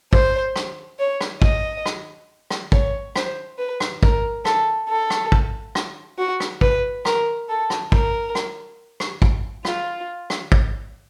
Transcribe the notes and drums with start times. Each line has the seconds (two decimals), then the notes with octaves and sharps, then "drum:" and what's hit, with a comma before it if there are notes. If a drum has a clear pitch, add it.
0.13 C5, drum: kick
0.56 drum: rim click
0.99 C#5
1.21 drum: rim click
1.42 D#5, drum: kick
1.86 drum: rim click
2.51 drum: rim click
2.72 C#5, drum: kick
3.16 C5, drum: rim click
3.58 B4
3.80 drum: rim click
4.03 A#4, drum: kick
4.45 A4, drum: rim click
4.89 A4
5.10 drum: rim click
5.32 drum: kick
5.75 drum: rim click
6.18 F#4
6.40 drum: rim click
6.61 B4, drum: kick
7.05 A#4, drum: rim click
7.49 A4
7.70 drum: rim click
7.92 A#4, drum: kick
8.35 drum: rim click
9.00 drum: rim click
9.22 drum: kick
9.65 F4, drum: rim click
10.30 drum: rim click
10.52 drum: kick